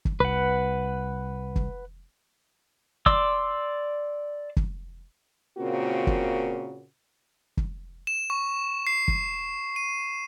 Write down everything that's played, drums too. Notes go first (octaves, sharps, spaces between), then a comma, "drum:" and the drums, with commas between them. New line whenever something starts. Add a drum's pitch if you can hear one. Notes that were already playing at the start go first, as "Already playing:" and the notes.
drum: kick
C2 B4 F#5
drum: kick
D5 C6 D6 E6, drum: kick
drum: kick
A#2 C#3 A#3 C4 F4 F#4
drum: kick
drum: kick
E7
C#6
C7
drum: kick
D#7